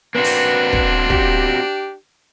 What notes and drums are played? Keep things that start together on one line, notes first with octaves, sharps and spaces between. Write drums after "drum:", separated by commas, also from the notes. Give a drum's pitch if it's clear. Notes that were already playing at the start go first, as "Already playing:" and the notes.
A#3 C4 D4 F#4 B4
drum: open hi-hat
drum: kick
G4, drum: kick